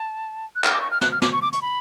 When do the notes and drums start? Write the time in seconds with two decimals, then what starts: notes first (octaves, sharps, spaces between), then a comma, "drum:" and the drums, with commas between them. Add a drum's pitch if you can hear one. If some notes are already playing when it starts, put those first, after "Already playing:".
Already playing: A5
0.56 F#6
0.64 F6, drum: clap
0.73 D6
0.81 C#6
0.91 F6
1.01 F#6, drum: snare
1.12 F6
1.22 D6, drum: snare
1.32 C#6
1.42 D6
1.52 C#6, drum: hi-hat
1.62 B5